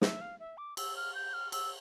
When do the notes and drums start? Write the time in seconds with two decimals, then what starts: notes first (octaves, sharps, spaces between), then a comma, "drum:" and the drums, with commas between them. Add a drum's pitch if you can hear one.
0.02 E5, drum: snare
0.21 F5
0.40 E5
0.58 D6
0.77 E6, drum: cymbal
0.96 F6
1.15 G6
1.34 F6
1.52 E6, drum: cymbal